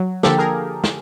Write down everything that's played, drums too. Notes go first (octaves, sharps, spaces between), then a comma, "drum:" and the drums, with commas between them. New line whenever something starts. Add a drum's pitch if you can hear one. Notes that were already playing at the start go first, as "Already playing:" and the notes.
Already playing: F#3
D3 F3 A#3 G4 A4, drum: snare
G#4 A#4
drum: snare